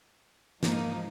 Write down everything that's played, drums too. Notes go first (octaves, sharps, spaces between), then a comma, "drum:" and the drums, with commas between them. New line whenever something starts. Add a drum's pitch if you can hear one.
G#2 F3 A#3 D#4, drum: snare